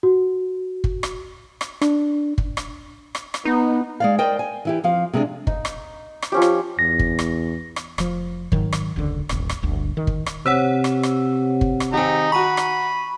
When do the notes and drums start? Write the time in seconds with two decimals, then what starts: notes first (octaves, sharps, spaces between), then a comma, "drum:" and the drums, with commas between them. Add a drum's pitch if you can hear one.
0.03 F#4
0.84 drum: kick
1.03 drum: rim click
1.61 drum: rim click
1.82 D4, drum: rim click
2.38 drum: kick
2.57 drum: rim click
3.15 drum: rim click
3.34 drum: rim click
3.45 B3 D#4
4.00 G#3 D5 F5
4.19 A#4 C5 D5 D#5 G5
4.39 G#5
4.65 E3 E4 G4
4.84 F2 F3 F5
5.13 C3 G#3 C#4 D4
5.47 D#4, drum: kick
5.65 drum: rim click
6.22 drum: rim click
6.32 F3 C#4 G4
6.42 drum: rim click
6.79 E2 A#6
6.99 drum: kick
7.19 drum: rim click
7.76 drum: rim click
7.98 F1 F3, drum: rim click
8.52 G#2 D#3 F#3, drum: kick
8.73 drum: rim click
8.96 E1 C#2 D3
9.29 D#1 A1, drum: rim click
9.49 drum: rim click
9.62 D1 G1 D2
9.97 D#3
10.07 drum: kick
10.26 drum: rim click
10.46 C3 C5 C#5 F#5 E6 B6
10.84 drum: rim click
11.03 drum: rim click
11.61 drum: kick
11.80 drum: rim click
11.93 D#3 C4 D#4 G4 G#5
12.32 F#4 A#5 B5 C#6 D#7
12.57 drum: rim click